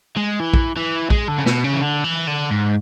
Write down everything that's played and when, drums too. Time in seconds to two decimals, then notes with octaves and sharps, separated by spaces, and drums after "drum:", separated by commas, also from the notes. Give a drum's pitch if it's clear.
0.17 G#3
0.40 E3
0.54 drum: kick
0.76 E3
1.10 G#3, drum: kick
1.28 D3
1.38 C#3
1.46 B2, drum: snare
1.64 C#3
1.74 E3
1.81 D3
2.04 E3
2.27 D3
2.51 G#2